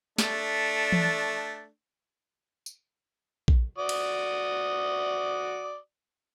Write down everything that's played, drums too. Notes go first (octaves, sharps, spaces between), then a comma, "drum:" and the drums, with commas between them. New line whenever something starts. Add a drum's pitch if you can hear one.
A3 D4, drum: snare
drum: tom E3
drum: tambourine
drum: kick A#1
F#4 D5 D#6
drum: cymbal